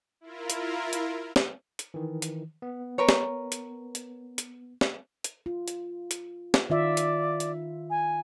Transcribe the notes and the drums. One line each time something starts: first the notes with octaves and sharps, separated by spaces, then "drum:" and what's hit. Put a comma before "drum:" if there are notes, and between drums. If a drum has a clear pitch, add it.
E4 F4 A#4
drum: hi-hat
drum: hi-hat
drum: snare
drum: hi-hat
D#3 E3
drum: hi-hat
B3
A#4 B4 C#5
drum: snare
drum: hi-hat
drum: hi-hat
drum: hi-hat
drum: snare
drum: hi-hat
F4
drum: hi-hat
drum: hi-hat
drum: snare
D#3 F4 D5 E5
drum: hi-hat
drum: hi-hat
G#5